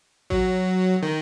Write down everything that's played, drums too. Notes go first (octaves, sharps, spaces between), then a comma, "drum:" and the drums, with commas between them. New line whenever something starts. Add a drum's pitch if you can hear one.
F#3, drum: kick A1
D#3